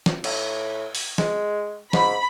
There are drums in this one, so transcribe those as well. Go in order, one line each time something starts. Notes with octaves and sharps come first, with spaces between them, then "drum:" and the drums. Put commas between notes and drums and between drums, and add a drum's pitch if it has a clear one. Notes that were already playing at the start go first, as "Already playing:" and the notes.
drum: snare
A2, drum: cymbal
drum: open hi-hat
G#3, drum: snare
G#2 B5, drum: snare